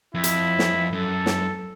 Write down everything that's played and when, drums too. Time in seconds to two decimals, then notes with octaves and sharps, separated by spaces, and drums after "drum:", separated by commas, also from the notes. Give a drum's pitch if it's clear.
0.15 F2 E4
0.24 drum: hi-hat
0.59 drum: snare
0.93 F#2 A4
1.26 drum: snare